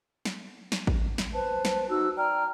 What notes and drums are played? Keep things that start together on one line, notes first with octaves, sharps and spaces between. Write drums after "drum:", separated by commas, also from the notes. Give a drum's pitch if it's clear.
drum: snare
drum: snare
drum: kick A1
drum: snare
B4 C5 A5
drum: snare
D#4 F#4 E6
D5 G5 A#5 F6